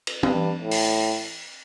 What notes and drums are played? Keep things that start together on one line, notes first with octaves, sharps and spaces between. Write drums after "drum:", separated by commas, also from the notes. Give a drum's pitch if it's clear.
drum: cymbal
G2, drum: tom
A2
drum: open hi-hat